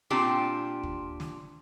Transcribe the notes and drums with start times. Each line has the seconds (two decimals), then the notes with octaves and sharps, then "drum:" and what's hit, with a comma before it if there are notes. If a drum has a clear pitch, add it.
0.10 A#2 C4 D4 F4 G4 G5
0.83 drum: kick
1.20 drum: snare